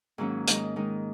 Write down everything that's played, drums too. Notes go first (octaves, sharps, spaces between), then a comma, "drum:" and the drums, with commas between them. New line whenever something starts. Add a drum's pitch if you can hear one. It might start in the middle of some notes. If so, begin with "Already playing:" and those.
G#2 D#3 F#3 A#3 C#4
D#3 G#3 D#4, drum: hi-hat
D#3 G#3 D#4